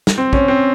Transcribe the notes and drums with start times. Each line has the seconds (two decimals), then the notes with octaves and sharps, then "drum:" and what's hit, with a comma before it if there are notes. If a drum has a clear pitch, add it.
0.07 drum: snare
0.18 C4
0.33 C#4, drum: kick
0.48 C4